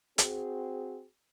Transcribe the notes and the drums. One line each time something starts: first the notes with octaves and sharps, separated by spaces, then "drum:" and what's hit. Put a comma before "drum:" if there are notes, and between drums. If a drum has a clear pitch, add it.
C4 F#4 G#4, drum: hi-hat